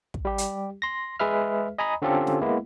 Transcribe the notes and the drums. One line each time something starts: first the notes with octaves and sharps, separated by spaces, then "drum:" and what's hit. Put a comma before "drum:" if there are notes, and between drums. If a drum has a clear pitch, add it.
drum: kick
G3 G4
drum: hi-hat
C6 A#6
G#3 G#4 B4 E5 F6
D#5 G#5 A#5 B5 D#6
D3 C4 C#4 F4 G4 A4
drum: snare
G#3 A#3 B3 E4